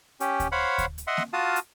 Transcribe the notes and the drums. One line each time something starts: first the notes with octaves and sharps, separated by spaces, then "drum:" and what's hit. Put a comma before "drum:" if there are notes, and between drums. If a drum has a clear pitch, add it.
C#4 G4, drum: hi-hat
drum: kick D2, hi-hat
C5 C#5 F5 F#5 B5
drum: kick D2, hi-hat
drum: hi-hat
D#5 E5 F#5 C6
drum: snare A#3
F4 F#4 F5 A5 D#6
drum: hi-hat